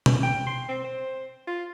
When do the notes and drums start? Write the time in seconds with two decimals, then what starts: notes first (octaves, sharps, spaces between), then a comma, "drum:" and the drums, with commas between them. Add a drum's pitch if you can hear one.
0.06 drum: tom
0.23 G5
0.47 C6
0.69 C4
0.84 C5
1.47 F4